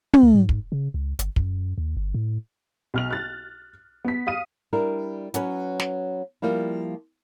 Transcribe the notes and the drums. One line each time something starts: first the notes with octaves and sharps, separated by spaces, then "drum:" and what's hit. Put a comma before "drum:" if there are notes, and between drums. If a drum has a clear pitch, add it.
drum: tom
C#2
G#2
drum: kick
C#3
C#2
G1, drum: hi-hat
F#2, drum: kick
D#2
G1
A2
B1 F6 F7
F#6 A6
B3 B6
F5 D#6 D#7
G3 D4 E4 A#4
F#3 C#4 B4, drum: hi-hat
drum: snare
F3 G3 A#3 E4